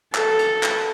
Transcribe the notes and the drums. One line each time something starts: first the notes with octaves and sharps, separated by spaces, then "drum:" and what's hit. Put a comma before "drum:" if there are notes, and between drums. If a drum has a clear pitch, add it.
A4, drum: clap
drum: cymbal
drum: clap